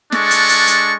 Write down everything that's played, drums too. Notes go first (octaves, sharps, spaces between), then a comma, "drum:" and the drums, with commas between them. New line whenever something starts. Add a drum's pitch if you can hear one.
G#3 D4 A4 C#6, drum: snare
drum: hi-hat
drum: hi-hat
drum: hi-hat